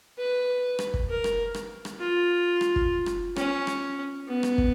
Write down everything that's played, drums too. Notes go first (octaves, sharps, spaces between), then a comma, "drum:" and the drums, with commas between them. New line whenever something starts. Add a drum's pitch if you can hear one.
B4
drum: rim click
drum: kick
A#4
drum: rim click
drum: rim click
drum: rim click
F4
drum: rim click
drum: kick
drum: rim click
C#4, drum: rim click
drum: rim click
B3
drum: rim click
drum: kick